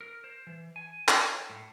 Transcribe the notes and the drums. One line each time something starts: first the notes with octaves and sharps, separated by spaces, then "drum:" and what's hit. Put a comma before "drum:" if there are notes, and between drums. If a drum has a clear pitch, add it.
A#4
C5
E3
G#5
C#5, drum: clap
A2